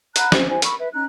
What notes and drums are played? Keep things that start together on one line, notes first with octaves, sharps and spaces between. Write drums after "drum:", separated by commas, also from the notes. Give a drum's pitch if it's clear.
F#5 A#5 B5 F#6, drum: hi-hat
C#4 C5, drum: snare
E4 C5 G#5
A#4 B5 C#6 E6, drum: hi-hat
B4 E5
C#4 D#4 A#5 F#6